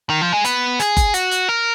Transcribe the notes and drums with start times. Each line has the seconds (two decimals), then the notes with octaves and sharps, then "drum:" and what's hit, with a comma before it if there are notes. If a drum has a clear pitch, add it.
0.10 D#3
0.21 F3
0.33 G#3
0.45 B3, drum: hi-hat
0.80 G#4, drum: hi-hat
0.97 drum: kick F#1, hi-hat
1.14 F#4, drum: hi-hat
1.31 drum: hi-hat
1.49 A#4